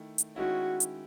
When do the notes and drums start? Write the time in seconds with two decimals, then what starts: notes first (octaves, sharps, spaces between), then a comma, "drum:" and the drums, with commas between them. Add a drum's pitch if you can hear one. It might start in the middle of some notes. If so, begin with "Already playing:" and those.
Already playing: D#3 A3 E4
0.18 drum: hi-hat
0.36 D#3 G#3 C#4 E4 F#4
0.80 drum: hi-hat